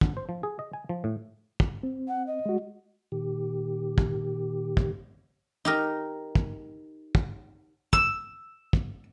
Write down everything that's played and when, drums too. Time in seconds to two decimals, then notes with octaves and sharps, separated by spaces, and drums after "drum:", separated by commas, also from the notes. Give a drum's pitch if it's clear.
0.01 D3, drum: kick
0.17 C5
0.29 F3
0.43 G#4
0.59 D#5
0.73 G#5
0.89 F3
1.04 A2
1.60 drum: kick
1.83 C4
2.08 F#5
2.27 D#5
2.46 G#3 F#4
3.12 A#2 D#3 G4
3.98 drum: kick
4.77 drum: kick
5.65 D#4 G4 A#4
6.35 drum: kick
7.15 drum: kick
7.93 E6, drum: kick
8.73 drum: kick